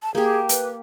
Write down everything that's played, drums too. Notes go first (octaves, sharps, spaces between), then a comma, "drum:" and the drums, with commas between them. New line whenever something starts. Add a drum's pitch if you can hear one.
A5
A#3 G4 G#4
B4, drum: hi-hat